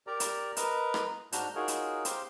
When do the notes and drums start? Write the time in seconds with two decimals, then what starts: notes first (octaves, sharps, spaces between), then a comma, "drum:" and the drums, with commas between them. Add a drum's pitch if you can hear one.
0.07 G4 A#4 D5 A#5
0.20 drum: hi-hat
0.57 A#4 B4 D#5 A#5, drum: hi-hat
0.94 drum: rim click
1.32 G#2 D4 F#4 A#5 F6 G6, drum: hi-hat
1.55 D#4 F4 F#4 G#4 A#4 C#5
1.68 drum: hi-hat
2.05 G4 C5 F5 G5 C6, drum: hi-hat